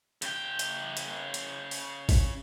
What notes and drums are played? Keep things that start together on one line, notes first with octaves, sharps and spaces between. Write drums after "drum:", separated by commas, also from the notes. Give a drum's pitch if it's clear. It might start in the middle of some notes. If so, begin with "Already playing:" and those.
C#3 G5, drum: hi-hat
drum: hi-hat
drum: hi-hat
drum: hi-hat
drum: open hi-hat
drum: kick G#1, open hi-hat